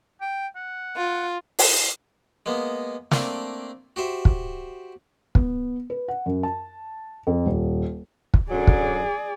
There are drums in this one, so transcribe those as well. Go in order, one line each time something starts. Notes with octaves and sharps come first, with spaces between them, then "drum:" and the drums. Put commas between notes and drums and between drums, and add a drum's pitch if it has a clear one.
G5
F#5
F4
drum: open hi-hat
G#3 A#3 B3
A3 A#3 C4 D4, drum: snare
F#4 G4 C5 E5
drum: kick
B3, drum: kick
B4
F#5
F#2
A5
F2
D#1
drum: kick
F#2 D3 F#3 G#4 D5
drum: kick